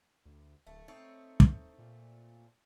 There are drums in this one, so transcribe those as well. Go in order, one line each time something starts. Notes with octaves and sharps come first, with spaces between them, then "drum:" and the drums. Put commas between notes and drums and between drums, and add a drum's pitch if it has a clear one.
D2
D1 A3
A3 C4 D#4 C#5
drum: kick
A#2